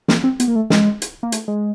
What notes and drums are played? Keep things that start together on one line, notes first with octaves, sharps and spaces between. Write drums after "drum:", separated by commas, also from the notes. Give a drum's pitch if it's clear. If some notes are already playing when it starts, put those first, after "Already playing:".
A#3, drum: snare
C4
B3, drum: hi-hat
A#3
A3
G#3, drum: snare
drum: hi-hat
A#3
A3, drum: hi-hat
G#3